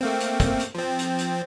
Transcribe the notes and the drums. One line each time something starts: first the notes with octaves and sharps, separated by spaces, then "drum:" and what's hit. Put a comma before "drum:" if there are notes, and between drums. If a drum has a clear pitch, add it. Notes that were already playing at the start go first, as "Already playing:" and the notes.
A3 A#3 C4
drum: hi-hat
drum: kick, hi-hat
drum: hi-hat
F3 C4
drum: hi-hat
drum: hi-hat